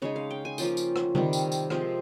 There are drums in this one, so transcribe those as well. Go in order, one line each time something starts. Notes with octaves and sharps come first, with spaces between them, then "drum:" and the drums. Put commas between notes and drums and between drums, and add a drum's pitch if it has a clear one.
C#3 G#3 D#4 C#5
F5
G5
G#5
F3 A#3 C#4 F4 G5, drum: tambourine
drum: tambourine
drum: rim click
C3 D#3 G3, drum: tom C#3
drum: tambourine
drum: tambourine
C3 F3 G#3 C4, drum: rim click